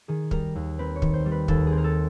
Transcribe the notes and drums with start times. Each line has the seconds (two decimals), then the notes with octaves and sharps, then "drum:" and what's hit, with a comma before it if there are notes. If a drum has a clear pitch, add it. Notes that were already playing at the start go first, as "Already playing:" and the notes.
0.08 D#3 G#4
0.31 G3 A#4, drum: kick
0.55 D#2
0.79 C4 B4
0.96 C#5
1.02 D#3, drum: kick
1.13 C5
1.25 G3
1.32 B4
1.48 D#2 A4, drum: kick
1.67 G#4
1.72 C4
1.78 A#4
1.84 A4